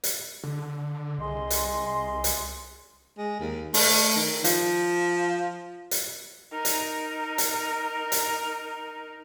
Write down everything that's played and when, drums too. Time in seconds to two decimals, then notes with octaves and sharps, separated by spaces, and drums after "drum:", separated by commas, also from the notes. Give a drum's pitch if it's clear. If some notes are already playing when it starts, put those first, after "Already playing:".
0.04 drum: hi-hat
0.44 D3
1.19 C2 G#4 D#5 C6
1.50 drum: hi-hat
2.24 drum: hi-hat
3.18 G#3
3.40 D#2
3.74 A3, drum: open hi-hat
4.16 D#3
4.44 F3, drum: hi-hat
5.91 drum: hi-hat
6.52 D#4 A#4
6.65 drum: hi-hat
7.38 drum: hi-hat
8.12 drum: hi-hat